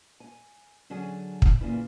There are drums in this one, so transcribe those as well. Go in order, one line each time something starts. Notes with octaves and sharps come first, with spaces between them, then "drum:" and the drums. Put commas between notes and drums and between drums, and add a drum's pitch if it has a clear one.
G#5
D3 F#3 C#4 G#4 F#5 G#5
drum: kick
A#2 C#3 E3 E4